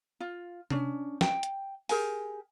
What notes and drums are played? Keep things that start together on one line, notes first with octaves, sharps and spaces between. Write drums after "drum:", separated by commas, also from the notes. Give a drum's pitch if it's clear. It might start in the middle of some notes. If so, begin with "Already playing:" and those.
F4
C#4 D4, drum: tom C3
G5, drum: snare
drum: hi-hat
G4 G#4 A#4 G#5, drum: open hi-hat